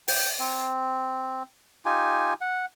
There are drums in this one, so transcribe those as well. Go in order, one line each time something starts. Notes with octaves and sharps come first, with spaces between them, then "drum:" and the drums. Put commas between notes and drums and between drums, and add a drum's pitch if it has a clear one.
G5, drum: open hi-hat
C4
D#4 F4 G4 G#5
F#5